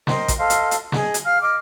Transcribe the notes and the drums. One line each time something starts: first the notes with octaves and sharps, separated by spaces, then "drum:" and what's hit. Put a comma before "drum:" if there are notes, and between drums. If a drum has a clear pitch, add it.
A#4 C5 D#5 G5, drum: snare
drum: kick A1, hi-hat
A4 C5 D#5 F5
drum: hi-hat
drum: hi-hat
G#4 D#5, drum: snare
drum: hi-hat
F5 F6
D#5 D6 F6